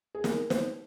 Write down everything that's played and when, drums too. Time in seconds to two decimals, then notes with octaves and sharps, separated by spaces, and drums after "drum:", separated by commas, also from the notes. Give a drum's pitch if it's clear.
0.15 G#4
0.24 A#4, drum: snare
0.50 C5, drum: snare